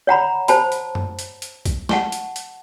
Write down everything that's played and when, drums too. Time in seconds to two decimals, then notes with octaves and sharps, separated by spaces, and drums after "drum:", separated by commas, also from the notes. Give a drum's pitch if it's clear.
0.07 C#5 F#5 A#5 B5
0.48 C5 A5 B5, drum: hi-hat
0.72 drum: hi-hat
0.95 drum: tom F#2
1.19 drum: hi-hat
1.42 drum: hi-hat
1.65 drum: kick B1, hi-hat
1.89 F#5 A5 C#6, drum: snare
2.12 drum: hi-hat
2.36 drum: hi-hat